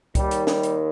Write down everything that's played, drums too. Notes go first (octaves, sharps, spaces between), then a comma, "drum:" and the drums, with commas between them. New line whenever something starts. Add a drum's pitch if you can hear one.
D#2 D#3 G3, drum: kick C2, hi-hat
drum: hi-hat
G3, drum: snare
drum: hi-hat